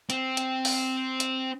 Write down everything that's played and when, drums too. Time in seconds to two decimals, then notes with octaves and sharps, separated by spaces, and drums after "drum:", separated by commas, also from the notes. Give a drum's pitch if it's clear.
0.10 C4, drum: hi-hat
0.37 drum: hi-hat
0.65 drum: open hi-hat
1.20 drum: hi-hat